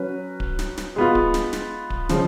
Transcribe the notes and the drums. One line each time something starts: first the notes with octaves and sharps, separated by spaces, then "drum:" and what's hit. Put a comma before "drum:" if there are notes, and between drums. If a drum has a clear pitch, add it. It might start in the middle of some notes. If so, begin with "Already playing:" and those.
Already playing: F#3 C#4 F#4 B4
drum: kick D1
drum: snare
drum: snare
G#3 B3 F4
drum: kick D1
drum: snare
drum: snare
drum: kick D1
C#3 F3 G#3 C#4, drum: snare